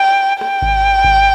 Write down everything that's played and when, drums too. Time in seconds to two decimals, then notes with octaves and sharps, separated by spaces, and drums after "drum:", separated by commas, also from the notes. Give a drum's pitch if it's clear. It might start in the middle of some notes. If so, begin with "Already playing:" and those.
Already playing: G5
0.41 G5, drum: rim click
0.62 drum: kick G#1
1.04 drum: kick G#1